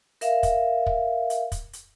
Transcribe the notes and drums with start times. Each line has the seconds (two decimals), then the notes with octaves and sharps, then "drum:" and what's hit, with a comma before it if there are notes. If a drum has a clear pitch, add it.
0.21 A#4 E5 F5, drum: hi-hat
0.43 drum: kick, hi-hat
0.86 drum: kick
1.30 drum: hi-hat
1.52 drum: kick, hi-hat
1.73 drum: hi-hat